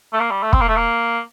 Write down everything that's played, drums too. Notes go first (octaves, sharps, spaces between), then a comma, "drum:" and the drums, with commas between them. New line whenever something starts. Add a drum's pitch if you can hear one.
A3
A#3
G3
A3
C4, drum: kick
A#3
A3
A#3